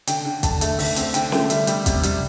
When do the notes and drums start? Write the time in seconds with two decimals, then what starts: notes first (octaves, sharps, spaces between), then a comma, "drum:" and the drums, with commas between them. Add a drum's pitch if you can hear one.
0.07 D3 G5, drum: hi-hat
0.25 D3
0.43 D3 A5, drum: kick, hi-hat
0.61 A3, drum: hi-hat
0.79 D3 E5, drum: open hi-hat
0.96 C4, drum: hi-hat
1.14 D3 G5, drum: hi-hat
1.32 A3, drum: snare
1.50 G3 E5, drum: hi-hat
1.67 G3, drum: hi-hat
1.86 C3, drum: kick, hi-hat
2.03 G3, drum: hi-hat